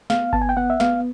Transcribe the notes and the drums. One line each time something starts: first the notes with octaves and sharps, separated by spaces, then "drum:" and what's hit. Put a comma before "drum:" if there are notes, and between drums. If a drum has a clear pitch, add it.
B3 F5, drum: snare
B3 A5, drum: kick G1
G#5
G5
B3 F#5
E5
B3 F5, drum: snare